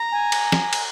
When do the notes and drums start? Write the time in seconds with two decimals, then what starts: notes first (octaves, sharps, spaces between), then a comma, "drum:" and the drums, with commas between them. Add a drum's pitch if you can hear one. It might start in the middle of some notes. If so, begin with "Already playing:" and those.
Already playing: A#5
0.12 G#5
0.32 drum: cymbal
0.52 drum: snare
0.73 drum: cymbal